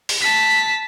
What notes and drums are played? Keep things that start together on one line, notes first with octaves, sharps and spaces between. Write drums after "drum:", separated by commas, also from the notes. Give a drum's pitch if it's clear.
drum: open hi-hat
A5 B6